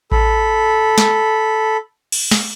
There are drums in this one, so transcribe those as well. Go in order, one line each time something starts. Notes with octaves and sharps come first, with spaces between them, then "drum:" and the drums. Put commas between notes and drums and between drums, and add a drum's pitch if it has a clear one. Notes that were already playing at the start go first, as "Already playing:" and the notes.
A4 B5, drum: kick A1
drum: snare
drum: cymbal
drum: snare